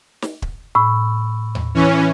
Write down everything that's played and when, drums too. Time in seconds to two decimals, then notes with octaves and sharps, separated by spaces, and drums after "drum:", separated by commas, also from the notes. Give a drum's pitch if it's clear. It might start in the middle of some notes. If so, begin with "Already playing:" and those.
0.22 drum: snare
0.42 drum: kick
0.75 A2 B5 C#6 E6
1.55 drum: tom D#2
1.75 E3 C#4